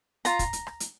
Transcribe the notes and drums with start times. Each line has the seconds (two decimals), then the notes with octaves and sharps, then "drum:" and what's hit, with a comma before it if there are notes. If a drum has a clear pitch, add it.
0.25 F4 A#5, drum: hi-hat
0.39 drum: kick, hi-hat
0.53 drum: hi-hat
0.67 drum: rim click
0.80 drum: hi-hat